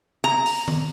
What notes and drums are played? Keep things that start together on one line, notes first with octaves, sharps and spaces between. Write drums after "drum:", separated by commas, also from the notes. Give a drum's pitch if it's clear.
A#5
drum: open hi-hat
drum: tom D#3